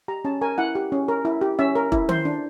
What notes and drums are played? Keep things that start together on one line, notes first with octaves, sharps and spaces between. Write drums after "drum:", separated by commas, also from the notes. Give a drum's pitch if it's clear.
G4 A#5
C#4 A5
A#4 G#5
E4 F#5
G4
C#4
A#4
E4
G4
C#4 E5
A#4
E4, drum: kick E1
C5, drum: tom D#3
D4